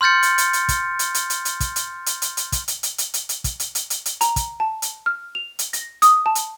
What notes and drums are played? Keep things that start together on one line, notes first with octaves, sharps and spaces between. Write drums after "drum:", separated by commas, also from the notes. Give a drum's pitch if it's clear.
C6 F6 G6 A6 C#7
drum: hi-hat
drum: hi-hat
drum: hi-hat
drum: kick, hi-hat
drum: hi-hat
drum: hi-hat
drum: hi-hat
drum: hi-hat
drum: kick, hi-hat
drum: hi-hat
drum: hi-hat
drum: hi-hat
drum: hi-hat
drum: kick, hi-hat
drum: hi-hat
drum: hi-hat
drum: hi-hat
drum: hi-hat
drum: hi-hat
drum: kick, hi-hat
drum: hi-hat
drum: hi-hat
drum: hi-hat
drum: hi-hat
A#5, drum: hi-hat
drum: kick, hi-hat
A5
drum: hi-hat
F6
F7
drum: hi-hat
A#6, drum: hi-hat
D#6, drum: hi-hat
A5
drum: hi-hat